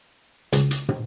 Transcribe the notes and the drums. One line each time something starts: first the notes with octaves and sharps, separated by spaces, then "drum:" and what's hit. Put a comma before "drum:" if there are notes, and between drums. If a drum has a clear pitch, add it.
C#2, drum: hi-hat
drum: hi-hat
drum: tom